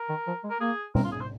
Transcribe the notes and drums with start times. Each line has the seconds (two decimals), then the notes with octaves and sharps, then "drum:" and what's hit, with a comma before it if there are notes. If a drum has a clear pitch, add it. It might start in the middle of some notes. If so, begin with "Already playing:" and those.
Already playing: A#4
0.09 D#3
0.27 F3
0.44 G#3
0.50 A#4
0.61 A#3 G#4
0.95 C4 A#4, drum: tom
1.04 F4
1.12 G#4
1.21 C5